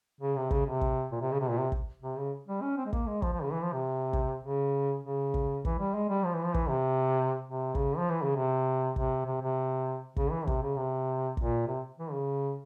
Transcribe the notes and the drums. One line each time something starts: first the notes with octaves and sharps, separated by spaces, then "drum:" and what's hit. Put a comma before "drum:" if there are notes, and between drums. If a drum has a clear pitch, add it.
C#3
C3
C#3, drum: kick
C3
drum: kick
A#2
C3
C#3
C3
A#2
C3
drum: kick
C3
C#3
G3
C#4
C4
G#3
A#3, drum: kick
G#3
F3, drum: kick
F3
C#3
E3
F3
C3
drum: kick
C#3
C#3
drum: kick
E3, drum: kick
G3
G#3
G3
F3
E3
F3
E3, drum: kick
C3
C3
C#3, drum: kick
F3
E3
C#3
C3
C3, drum: kick
C3
C3
C#3, drum: kick
E3
C3, drum: kick
C#3
C3
A#2, drum: kick
C3
E3
C#3